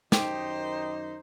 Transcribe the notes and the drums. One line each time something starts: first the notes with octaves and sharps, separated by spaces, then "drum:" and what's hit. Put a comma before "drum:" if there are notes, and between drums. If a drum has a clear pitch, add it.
F#2 D#3 D#4 G4 C5, drum: snare